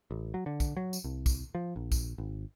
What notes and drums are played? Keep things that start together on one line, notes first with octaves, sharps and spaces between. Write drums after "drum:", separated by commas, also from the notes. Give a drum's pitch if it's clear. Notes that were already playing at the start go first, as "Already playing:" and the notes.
A1
F#3
D3
drum: kick, tambourine
F#3
drum: tambourine
C2
drum: kick, tambourine
F3
A#1
drum: kick, tambourine
G#1